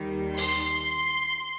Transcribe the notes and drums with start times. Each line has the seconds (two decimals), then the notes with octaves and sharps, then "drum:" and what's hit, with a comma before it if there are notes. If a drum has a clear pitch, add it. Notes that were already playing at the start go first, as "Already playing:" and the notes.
Already playing: D#2 D#3 G3
0.37 C6, drum: open hi-hat